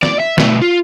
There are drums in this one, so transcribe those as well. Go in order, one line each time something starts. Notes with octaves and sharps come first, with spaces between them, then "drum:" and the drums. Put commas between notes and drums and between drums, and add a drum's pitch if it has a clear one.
D5, drum: snare
E5
B2 A3, drum: snare
F4